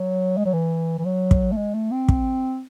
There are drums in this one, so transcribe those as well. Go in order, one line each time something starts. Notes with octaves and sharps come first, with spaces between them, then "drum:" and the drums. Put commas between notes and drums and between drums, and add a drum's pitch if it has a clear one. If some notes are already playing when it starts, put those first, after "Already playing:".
Already playing: F#3
G#3
F#3
E3
E3
F#3
drum: kick
A3
G#3
A3
C4
drum: kick